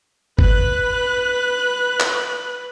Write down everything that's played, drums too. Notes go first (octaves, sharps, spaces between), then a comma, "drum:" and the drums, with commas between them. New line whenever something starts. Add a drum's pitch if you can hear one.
B4 F#6, drum: kick G1
drum: clap